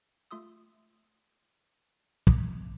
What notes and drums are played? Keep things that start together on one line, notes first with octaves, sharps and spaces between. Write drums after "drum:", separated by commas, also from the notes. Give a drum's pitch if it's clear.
A3 F4 C6 D#6 E6
A#5 D6 D#6 G#6 A#6 B6, drum: kick